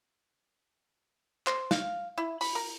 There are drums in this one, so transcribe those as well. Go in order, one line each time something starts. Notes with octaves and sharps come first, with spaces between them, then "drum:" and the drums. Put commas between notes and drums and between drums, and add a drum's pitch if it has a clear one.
C5, drum: clap
F5, drum: snare
E4
B5, drum: open hi-hat
A#4